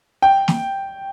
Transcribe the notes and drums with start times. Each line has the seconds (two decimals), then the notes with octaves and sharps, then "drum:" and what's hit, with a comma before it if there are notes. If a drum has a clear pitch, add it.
0.22 G5
0.48 drum: snare